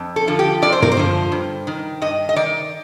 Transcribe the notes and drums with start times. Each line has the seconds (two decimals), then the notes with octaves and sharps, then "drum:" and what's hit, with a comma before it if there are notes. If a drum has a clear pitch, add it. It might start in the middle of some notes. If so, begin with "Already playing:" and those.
Already playing: F2
0.16 A4
0.28 D3 F3
0.39 G4
0.62 F2 D5
0.72 C5
0.82 A#4, drum: tom
0.92 C5
0.97 D3 F3
1.32 G2
1.67 D#3
2.02 G2 D#5
2.29 D#5
2.36 D#3 D5